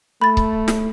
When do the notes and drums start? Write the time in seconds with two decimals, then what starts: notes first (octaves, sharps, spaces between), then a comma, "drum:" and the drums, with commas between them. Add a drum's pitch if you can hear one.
0.21 A3 B5 A6
0.37 drum: kick C#1
0.68 drum: snare